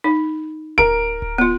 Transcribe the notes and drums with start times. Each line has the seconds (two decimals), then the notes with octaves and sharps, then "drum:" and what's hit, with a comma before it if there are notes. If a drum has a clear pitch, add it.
0.04 D#4
0.78 A#4 D7, drum: kick D1
1.22 drum: kick D1
1.38 B3 F4